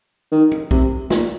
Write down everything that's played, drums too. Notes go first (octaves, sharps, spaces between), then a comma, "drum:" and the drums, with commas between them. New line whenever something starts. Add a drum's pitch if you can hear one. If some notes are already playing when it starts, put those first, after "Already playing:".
D#3
drum: tom
C3, drum: kick
A#2, drum: snare